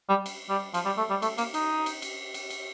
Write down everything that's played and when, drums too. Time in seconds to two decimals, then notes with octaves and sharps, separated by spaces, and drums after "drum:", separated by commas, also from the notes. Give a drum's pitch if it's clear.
0.09 G3
0.26 drum: cymbal
0.50 G3
0.74 F3, drum: cymbal
0.86 G3
0.98 A3
1.10 G3
1.22 A3, drum: cymbal
1.38 A#3, drum: cymbal
1.54 D#4, drum: cymbal
1.86 drum: cymbal
2.02 drum: cymbal
2.34 drum: cymbal
2.50 drum: cymbal